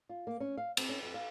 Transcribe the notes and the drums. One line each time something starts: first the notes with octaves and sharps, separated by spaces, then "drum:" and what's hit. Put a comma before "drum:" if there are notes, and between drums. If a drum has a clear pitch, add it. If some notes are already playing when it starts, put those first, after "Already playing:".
F4
A#3
C#4
F5
C4, drum: cymbal
C#4
F2
F5